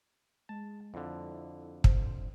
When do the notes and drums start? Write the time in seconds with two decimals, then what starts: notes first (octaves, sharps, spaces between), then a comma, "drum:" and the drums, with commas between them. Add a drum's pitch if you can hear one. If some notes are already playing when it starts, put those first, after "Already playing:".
0.49 G#3 A5
0.94 F2 D3 E4
1.84 C5, drum: kick